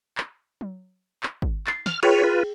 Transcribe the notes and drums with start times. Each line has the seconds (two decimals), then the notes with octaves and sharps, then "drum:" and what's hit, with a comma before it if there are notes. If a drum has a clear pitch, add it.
0.18 drum: clap
0.61 drum: tom F#3
1.23 drum: clap
1.42 drum: kick
1.67 A6 C7, drum: clap
1.86 F6, drum: snare
2.03 F4 G#4 B4 C#5 G5, drum: cymbal
2.23 F4 B4